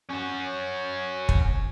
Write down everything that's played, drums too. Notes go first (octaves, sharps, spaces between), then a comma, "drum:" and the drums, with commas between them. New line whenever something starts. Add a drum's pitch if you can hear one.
C#4 F#4
drum: kick